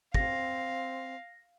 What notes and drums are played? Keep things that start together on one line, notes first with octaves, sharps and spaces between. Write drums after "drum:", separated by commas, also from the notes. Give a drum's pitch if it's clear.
C4 F5 A#6, drum: kick